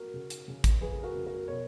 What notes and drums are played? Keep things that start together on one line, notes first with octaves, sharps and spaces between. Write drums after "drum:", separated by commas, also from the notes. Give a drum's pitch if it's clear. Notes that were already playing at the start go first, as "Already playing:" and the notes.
Already playing: F#4 A#4
C#3
drum: hi-hat
C#3
drum: kick, hi-hat
F2 G#4 B4
F#4 A#4
C#3
F#4 A#4
B2 A#4 C#5